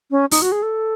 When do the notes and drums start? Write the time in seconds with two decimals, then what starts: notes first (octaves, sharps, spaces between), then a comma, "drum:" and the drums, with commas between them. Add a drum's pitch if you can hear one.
0.11 C#4
0.31 D#4, drum: open hi-hat
0.42 F#4
0.52 G#4
0.62 A4